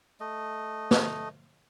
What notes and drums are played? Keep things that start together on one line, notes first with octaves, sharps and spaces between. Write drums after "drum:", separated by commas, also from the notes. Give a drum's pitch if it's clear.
A3 D#5
drum: snare